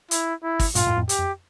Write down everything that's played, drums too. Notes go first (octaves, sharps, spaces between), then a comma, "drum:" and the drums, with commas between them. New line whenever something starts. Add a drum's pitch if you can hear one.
E4, drum: hi-hat
E4
drum: kick, open hi-hat
G2 A#2 F4, drum: hi-hat
F2 A2
F2 A2
G4, drum: hi-hat
F2